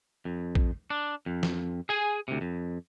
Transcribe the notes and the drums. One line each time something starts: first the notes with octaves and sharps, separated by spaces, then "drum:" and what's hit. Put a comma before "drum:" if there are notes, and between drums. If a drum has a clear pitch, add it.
F2
drum: kick
D4
F2
drum: snare
G#4 G#5
D2 C3
F2